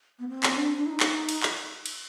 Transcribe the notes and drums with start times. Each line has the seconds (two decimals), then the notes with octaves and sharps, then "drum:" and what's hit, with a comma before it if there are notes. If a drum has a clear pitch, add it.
0.19 B3
0.29 C4
0.43 drum: clap
0.57 D4
0.75 D4
0.86 E4
0.90 D#4
1.00 drum: clap
1.29 drum: cymbal
1.43 drum: clap
1.86 drum: cymbal